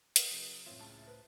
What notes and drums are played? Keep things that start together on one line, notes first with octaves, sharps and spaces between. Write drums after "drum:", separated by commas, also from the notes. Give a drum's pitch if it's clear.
A#4 B4 D#5 F#5 D#6, drum: hi-hat
C#3 F#3
A2 C4 F4 C#5 E5
C#2 C#3 A5
B4 C5